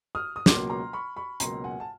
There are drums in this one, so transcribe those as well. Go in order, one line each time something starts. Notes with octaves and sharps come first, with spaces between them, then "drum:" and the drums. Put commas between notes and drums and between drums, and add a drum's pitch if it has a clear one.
D#6 F6
D#6
C#2 B2 F#3 A#3 C6 D6, drum: snare
A#5 C6
B5 C#6
B5 C#6
C#2 B2 F#3 A#3 A#5 C6, drum: hi-hat
F#5 G#5
A5